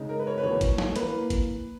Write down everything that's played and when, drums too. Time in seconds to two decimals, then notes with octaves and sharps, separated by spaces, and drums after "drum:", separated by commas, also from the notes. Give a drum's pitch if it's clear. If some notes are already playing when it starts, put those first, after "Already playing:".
Already playing: C#3 G#3 D#4
0.09 A#4
0.20 B4
0.27 C#5
0.38 B4
0.43 E2 B2 A#3 C#5
0.61 drum: kick G#1, hi-hat
0.78 drum: snare
0.96 E3 A#3 B4, drum: hi-hat
1.30 drum: kick G#1, hi-hat